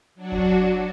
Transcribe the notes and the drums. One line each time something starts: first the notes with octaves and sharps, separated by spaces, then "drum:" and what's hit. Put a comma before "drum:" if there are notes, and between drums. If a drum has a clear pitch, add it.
F#3 D4 F#4
drum: kick F1